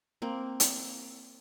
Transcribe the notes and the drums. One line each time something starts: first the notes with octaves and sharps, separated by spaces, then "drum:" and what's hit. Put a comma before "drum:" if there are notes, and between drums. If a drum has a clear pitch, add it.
A#3 C4
drum: hi-hat